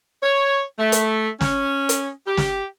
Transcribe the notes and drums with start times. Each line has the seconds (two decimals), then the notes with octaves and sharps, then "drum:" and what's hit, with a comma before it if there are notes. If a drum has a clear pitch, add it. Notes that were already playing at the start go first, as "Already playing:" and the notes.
0.23 C#5
0.79 A3
0.92 drum: hi-hat
1.41 C#4, drum: snare
1.89 drum: hi-hat
2.27 G4
2.37 drum: snare